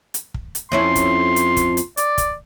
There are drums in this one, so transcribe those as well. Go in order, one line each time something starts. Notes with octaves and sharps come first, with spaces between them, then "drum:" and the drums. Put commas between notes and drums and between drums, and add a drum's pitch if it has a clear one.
drum: hi-hat
drum: kick
drum: hi-hat
F2 C#4 E4 C6
drum: kick, hi-hat
drum: hi-hat
drum: kick, hi-hat
drum: hi-hat
D5, drum: hi-hat
drum: kick, hi-hat